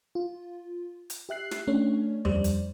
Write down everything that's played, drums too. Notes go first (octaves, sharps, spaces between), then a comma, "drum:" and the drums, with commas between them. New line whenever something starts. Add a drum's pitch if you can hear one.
F4
drum: hi-hat
G4 E5 F#6 C7
drum: snare
A3 C#4 D4 C#5
F2 G3 C5 D5, drum: tom D#2
drum: hi-hat